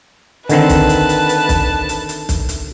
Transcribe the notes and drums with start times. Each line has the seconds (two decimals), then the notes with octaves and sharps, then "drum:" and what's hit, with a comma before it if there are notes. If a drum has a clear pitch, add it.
0.49 D3 D#3 C4 B4 A5, drum: hi-hat
0.69 drum: kick, hi-hat
0.89 drum: hi-hat
1.09 drum: hi-hat
1.29 drum: hi-hat
1.49 drum: kick, hi-hat
1.89 drum: hi-hat
2.09 drum: hi-hat
2.29 drum: kick, hi-hat
2.49 drum: hi-hat